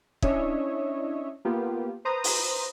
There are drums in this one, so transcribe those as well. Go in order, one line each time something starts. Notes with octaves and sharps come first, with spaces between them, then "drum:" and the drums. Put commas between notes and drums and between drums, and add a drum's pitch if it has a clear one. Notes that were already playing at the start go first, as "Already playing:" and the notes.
C#4 D4 E4 C#5 D#5 E5, drum: kick
A#3 B3 F4 G4
B4 C5 A#5 D#6
drum: open hi-hat